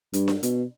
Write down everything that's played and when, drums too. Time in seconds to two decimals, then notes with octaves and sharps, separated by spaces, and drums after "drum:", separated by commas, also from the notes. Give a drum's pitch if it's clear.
0.13 G2, drum: hi-hat
0.28 drum: snare D4
0.43 B2, drum: hi-hat